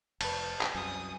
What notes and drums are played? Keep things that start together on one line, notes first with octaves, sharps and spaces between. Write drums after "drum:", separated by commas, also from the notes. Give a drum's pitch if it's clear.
F1 B4 A5, drum: cymbal
drum: clap
C2 F#2 G#5 D#6